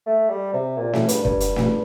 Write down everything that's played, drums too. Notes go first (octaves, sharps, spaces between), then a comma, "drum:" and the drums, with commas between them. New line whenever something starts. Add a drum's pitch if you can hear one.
A3
G3
C3
A#2
A2, drum: snare
G2, drum: hi-hat
G2, drum: kick
drum: hi-hat
drum: snare